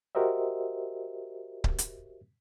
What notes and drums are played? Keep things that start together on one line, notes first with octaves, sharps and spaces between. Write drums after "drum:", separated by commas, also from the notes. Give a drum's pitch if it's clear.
F#4 G4 A#4 C5 D#5 E5
drum: kick C#1
drum: hi-hat